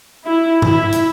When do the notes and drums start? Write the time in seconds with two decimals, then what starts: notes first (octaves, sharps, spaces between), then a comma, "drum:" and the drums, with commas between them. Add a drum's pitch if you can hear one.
0.24 E4
0.62 E4, drum: tom G2
0.92 drum: hi-hat